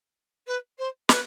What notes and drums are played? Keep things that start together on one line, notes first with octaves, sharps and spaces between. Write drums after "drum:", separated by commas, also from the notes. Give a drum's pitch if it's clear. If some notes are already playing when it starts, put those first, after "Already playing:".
B4
C5
B4, drum: snare